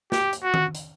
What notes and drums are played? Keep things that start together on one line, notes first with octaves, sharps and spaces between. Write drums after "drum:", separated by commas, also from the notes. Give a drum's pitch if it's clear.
G4, drum: snare
drum: hi-hat
F#4
drum: tom D#3
drum: hi-hat